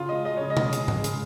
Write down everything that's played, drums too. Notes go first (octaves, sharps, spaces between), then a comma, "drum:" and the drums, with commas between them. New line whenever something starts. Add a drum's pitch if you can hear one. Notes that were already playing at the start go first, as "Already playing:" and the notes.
Already playing: C#3 F4
G#3 D#5
G#3 D#5
C#3 C#5
D#5
C#3, drum: tom B2
G#3, drum: hi-hat
G#3, drum: tom G#2
C#3, drum: hi-hat